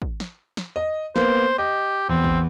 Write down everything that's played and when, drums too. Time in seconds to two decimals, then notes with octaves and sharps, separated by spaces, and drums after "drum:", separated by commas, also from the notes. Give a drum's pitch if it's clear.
0.02 drum: kick
0.20 drum: snare
0.57 drum: snare
0.76 D#5
1.16 A#3 B3 C5, drum: snare
1.58 G4 D#5
2.09 E2 C4
2.24 drum: kick